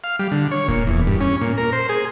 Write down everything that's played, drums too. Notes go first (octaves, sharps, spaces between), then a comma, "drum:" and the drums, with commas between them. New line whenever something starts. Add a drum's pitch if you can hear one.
F5
G3
D3
C#5
A#2, drum: kick D#1
E2
G2
C#4
A#2
A#4
C5
G#4